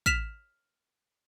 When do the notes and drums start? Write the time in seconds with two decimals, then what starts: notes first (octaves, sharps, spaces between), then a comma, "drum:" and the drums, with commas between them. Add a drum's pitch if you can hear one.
0.06 F6 B6 E7 F7, drum: kick